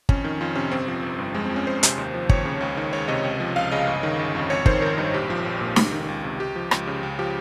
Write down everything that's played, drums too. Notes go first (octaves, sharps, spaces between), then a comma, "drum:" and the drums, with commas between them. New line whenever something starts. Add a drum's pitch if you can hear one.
F2 C#4, drum: kick
D#3
F2 F4
C3 C#4
G1 C4
F3
G1
G2
F2 G#3
C4
F3
C#4
F2 C5
C3, drum: hi-hat
D#2
F3
D#2 C#5, drum: kick
C#3
C#2
D#3
C#2 C#5
C3 D#5
C#2
F3
C#2 F5
C#3 D#5
G1
D#3
G1
F2
G#1 C#5
D#3 C5, drum: kick
G#1 A#4
G2 D#4
A#1 G4
F3
A#1
A#2
C#2, drum: snare
D#3
C#2
C3
C#2 G4
F3
C#2, drum: rim click
C#3
C#2
F3 G4